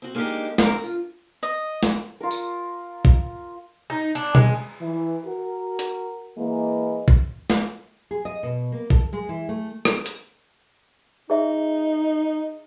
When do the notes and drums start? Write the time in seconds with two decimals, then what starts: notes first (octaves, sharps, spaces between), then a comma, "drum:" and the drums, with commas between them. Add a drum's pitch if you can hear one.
0.02 C4 F#4
0.15 G#3 A#3 D4 D#4 G4
0.58 C4 D4 A#4, drum: snare
0.83 F4
1.43 D#5
1.83 drum: snare
2.20 F4 A#4
2.31 drum: tambourine
3.05 drum: kick
3.90 D#4
4.15 D4, drum: cymbal
4.35 G#3, drum: tom B2
4.80 E3
5.25 F#4 A#4
5.79 drum: hi-hat
6.36 E3 G#3 A#3
7.08 drum: kick
7.50 drum: snare
8.11 G#4
8.25 D#5
8.43 B2
8.72 A#3
8.90 A4, drum: kick
9.13 G#3
9.29 E3
9.49 A3
9.85 drum: rim click
10.06 drum: hi-hat
11.30 D#4 G#4 E5